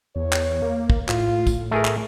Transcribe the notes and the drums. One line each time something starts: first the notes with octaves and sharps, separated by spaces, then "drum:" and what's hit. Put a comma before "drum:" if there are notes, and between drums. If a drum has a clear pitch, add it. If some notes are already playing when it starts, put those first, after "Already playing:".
E2 C#5
drum: clap
A#3
drum: kick
A2 F4, drum: clap
drum: kick, tambourine
E3 A3 G#4 A#4
drum: clap